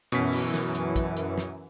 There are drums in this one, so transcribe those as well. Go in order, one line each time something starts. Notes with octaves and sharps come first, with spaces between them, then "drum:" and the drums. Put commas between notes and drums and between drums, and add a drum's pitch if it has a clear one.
F#2 B2 E3 C#4 B6, drum: hi-hat
drum: open hi-hat
drum: snare
drum: hi-hat
drum: kick, hi-hat
drum: hi-hat
drum: snare